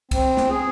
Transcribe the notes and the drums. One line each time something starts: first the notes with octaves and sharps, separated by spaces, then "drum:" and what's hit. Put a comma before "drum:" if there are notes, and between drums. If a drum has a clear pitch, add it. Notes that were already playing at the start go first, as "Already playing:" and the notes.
C4, drum: kick, cymbal
drum: snare
G#4